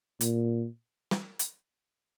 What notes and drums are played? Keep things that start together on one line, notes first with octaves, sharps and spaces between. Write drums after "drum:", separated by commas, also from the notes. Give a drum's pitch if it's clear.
A#2, drum: hi-hat
drum: snare
drum: hi-hat